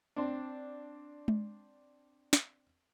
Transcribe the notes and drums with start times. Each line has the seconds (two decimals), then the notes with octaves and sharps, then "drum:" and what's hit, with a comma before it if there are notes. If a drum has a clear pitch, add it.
0.16 C4 D4
1.28 drum: tom G#3
2.33 drum: snare